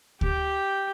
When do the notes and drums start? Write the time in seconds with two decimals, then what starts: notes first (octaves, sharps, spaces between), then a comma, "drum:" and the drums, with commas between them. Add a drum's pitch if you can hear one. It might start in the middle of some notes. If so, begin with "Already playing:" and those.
0.21 G4 G5, drum: kick D2